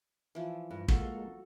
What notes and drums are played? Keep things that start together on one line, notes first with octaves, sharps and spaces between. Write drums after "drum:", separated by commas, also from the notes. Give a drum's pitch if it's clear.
E3 F3
G2
G#3 A#3 F#4 A4 F5 C6, drum: kick